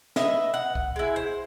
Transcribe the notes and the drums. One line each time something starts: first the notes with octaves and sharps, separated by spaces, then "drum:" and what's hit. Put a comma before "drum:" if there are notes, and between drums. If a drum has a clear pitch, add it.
B4 D#5 E5, drum: snare
F#5
drum: kick
G#3 E4
C5